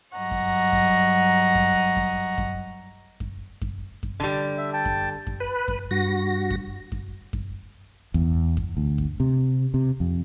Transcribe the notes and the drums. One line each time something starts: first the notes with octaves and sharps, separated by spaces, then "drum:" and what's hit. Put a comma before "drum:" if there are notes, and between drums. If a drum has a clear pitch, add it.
G2 F#3 D#5 F#5 A#5 C#6
drum: kick F#2
drum: kick F#2
drum: kick F#2
drum: kick F#2
drum: kick F#2
drum: kick F#2
drum: kick F#2
drum: kick F#2
D3 G3
E5
G5 A5
drum: kick F#2
drum: kick F#2
B4
drum: kick F#2
G2 F#4 A#6
drum: kick F#2
drum: kick F#2
drum: kick F#2
E2, drum: kick F#2
drum: kick F#2
D2
drum: kick F#2
C3
C3
F2